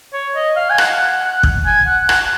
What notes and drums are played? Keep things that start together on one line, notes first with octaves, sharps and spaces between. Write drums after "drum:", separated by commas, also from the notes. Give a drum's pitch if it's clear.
C#5
D#5
F5
G#5
F#5, drum: rim click
drum: kick
G#5
F#5
F#5, drum: rim click